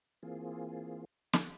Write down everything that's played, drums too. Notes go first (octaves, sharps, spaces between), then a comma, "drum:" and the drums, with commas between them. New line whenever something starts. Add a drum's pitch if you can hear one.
E3 A#3 C4 F4 G#4
drum: snare